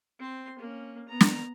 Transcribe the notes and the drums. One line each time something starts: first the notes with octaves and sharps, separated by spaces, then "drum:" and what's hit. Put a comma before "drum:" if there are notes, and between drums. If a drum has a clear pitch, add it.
C4 C6
A#3 C#4
B3 A#5
drum: snare